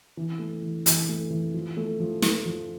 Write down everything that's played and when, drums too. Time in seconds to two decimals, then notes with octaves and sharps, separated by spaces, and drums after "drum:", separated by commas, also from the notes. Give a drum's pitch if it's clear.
0.17 E3
0.39 A3
0.62 E3
0.86 E3, drum: hi-hat
1.09 A3
1.30 E3
1.54 F3
1.77 A3
2.00 F3
2.22 F3, drum: snare
2.45 F3